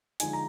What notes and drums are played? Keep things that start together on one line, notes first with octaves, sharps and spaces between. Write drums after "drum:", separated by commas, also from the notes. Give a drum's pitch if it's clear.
D3 F3 G#3 D#4 G#5, drum: hi-hat
A#5